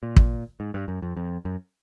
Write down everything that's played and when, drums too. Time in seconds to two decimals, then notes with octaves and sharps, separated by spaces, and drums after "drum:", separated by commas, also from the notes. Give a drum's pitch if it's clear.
0.03 A#2
0.16 drum: kick
0.60 G#2
0.74 G2
0.88 F#2
1.02 F2
1.17 F2
1.45 F#2